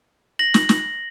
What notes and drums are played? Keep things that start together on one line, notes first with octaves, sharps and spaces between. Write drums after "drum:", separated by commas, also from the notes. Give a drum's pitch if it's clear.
A#6 F#7
drum: snare
drum: snare